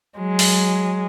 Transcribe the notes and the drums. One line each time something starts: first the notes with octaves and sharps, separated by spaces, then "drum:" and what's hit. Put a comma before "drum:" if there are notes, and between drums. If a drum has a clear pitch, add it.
F#3 G#3
drum: open hi-hat